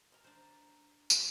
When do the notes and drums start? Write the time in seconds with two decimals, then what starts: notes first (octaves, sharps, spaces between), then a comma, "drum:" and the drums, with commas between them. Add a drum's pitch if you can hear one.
0.12 A#4 A#5
0.24 D4 C5
1.10 drum: tambourine